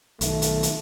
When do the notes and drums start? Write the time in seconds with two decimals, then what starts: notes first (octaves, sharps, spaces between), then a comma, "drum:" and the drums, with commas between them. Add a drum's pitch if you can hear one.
0.21 B1 D#3 A3, drum: hi-hat
0.42 drum: hi-hat
0.63 drum: hi-hat